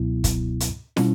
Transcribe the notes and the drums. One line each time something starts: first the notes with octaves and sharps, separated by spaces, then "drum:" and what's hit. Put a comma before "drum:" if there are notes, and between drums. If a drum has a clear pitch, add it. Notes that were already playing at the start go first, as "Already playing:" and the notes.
Already playing: C#2 B2 F#3 B3 E4
drum: kick, hi-hat
drum: hi-hat
B2 G3 C#4 E4, drum: snare